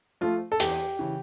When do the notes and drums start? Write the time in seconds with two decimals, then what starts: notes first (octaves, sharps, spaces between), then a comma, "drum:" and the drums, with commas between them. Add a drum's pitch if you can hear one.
0.21 F3 A3 F4
0.52 A4
0.60 E2 G4, drum: hi-hat
0.99 C#3 E3